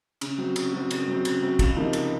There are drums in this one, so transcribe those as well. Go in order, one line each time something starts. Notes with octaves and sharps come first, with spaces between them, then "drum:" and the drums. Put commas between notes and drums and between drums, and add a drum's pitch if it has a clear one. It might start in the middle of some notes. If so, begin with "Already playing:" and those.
C#3, drum: cymbal
F#3 C4
C#3, drum: cymbal
F#3 C4
C#3, drum: cymbal
F#3 C4
C#3, drum: cymbal
F#3 C4
C#2, drum: kick, cymbal
C3 F3 A#3 D#4
C#2, drum: cymbal